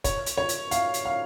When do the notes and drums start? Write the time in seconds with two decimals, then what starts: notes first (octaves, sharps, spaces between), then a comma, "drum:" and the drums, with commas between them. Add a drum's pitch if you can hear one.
0.04 C#5, drum: kick, hi-hat
0.26 drum: hi-hat
0.38 C#5
0.49 drum: hi-hat
0.71 F5, drum: hi-hat
0.94 drum: hi-hat
1.05 F5